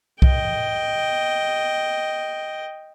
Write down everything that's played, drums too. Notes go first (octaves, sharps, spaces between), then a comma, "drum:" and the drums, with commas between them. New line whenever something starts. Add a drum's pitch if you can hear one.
D#5 G5, drum: kick C2